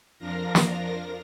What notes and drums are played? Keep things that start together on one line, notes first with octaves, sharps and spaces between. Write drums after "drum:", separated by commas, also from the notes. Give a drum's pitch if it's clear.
F2 F3 D4 F4 A#4 A#6
drum: snare